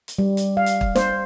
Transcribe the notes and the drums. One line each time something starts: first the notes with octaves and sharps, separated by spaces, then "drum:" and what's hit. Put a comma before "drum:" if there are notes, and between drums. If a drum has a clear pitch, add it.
drum: hi-hat
G3
drum: hi-hat
F5
drum: hi-hat
drum: kick
C5, drum: snare